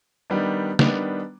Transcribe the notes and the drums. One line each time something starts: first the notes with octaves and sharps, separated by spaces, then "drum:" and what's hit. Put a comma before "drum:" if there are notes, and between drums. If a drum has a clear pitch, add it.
D#3 G3 B3 D4
D#3 G3 B3 D4, drum: snare